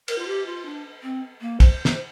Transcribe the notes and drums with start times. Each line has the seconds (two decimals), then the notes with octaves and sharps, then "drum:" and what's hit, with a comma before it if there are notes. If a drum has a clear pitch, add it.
0.08 A#4, drum: cymbal
0.18 F4
0.27 G4
0.46 F4
0.65 D4
1.03 C4
1.41 A#3
1.60 C5, drum: kick, cymbal
1.85 drum: snare